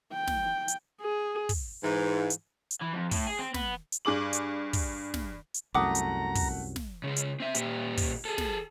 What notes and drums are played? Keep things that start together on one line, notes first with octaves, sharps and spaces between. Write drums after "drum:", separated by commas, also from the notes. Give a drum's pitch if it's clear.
G5
drum: snare
drum: hi-hat
G#4
drum: kick, open hi-hat
G#2 E3
drum: hi-hat
drum: hi-hat
E3
F2
A2, drum: kick, open hi-hat
G#4
C4
B3, drum: snare
drum: hi-hat
G2 G#4 D6 F#7
drum: hi-hat
drum: kick, open hi-hat
drum: snare
drum: hi-hat
C2 F#2 A3 F#5 A#5 D6 D#6
drum: hi-hat
drum: kick, open hi-hat
drum: snare
C#3 G#3
drum: hi-hat
C4 E5
A#2 G4, drum: hi-hat
drum: kick, open hi-hat
G#4 A4
drum: snare